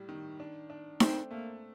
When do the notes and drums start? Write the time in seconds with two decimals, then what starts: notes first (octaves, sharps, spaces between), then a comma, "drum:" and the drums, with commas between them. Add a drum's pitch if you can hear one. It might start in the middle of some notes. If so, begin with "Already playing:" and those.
Already playing: A2 G3
0.09 D#3
0.40 D4
0.70 D4
1.00 A3 C4, drum: snare D#4
1.31 A3 A#3